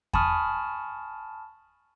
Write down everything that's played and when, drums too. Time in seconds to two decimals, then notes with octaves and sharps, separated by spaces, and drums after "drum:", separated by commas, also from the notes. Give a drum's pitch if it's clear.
0.13 G#5 A5 B5 C#6 D#6 F6, drum: kick E2